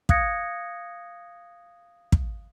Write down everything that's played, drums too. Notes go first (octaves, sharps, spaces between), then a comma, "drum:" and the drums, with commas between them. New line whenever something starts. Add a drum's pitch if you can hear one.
F5 D#6 F#6 G#6 A#6 C#7, drum: kick
drum: kick